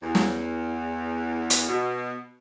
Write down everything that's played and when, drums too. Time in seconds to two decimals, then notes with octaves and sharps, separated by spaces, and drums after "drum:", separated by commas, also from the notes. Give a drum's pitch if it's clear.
0.03 E2
0.15 drum: snare
1.50 drum: hi-hat
1.67 B2